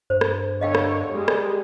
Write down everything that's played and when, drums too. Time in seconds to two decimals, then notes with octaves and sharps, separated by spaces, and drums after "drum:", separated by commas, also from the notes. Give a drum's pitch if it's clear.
0.10 G2 C5
0.21 drum: rim click
0.61 D3 C#5 D#5 F5 G5
0.75 drum: rim click
1.12 G3 G#3
1.28 drum: rim click